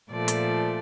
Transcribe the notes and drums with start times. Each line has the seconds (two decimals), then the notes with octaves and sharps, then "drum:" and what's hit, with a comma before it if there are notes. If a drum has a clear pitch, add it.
0.12 A#2 F3 A3 D5
0.28 drum: hi-hat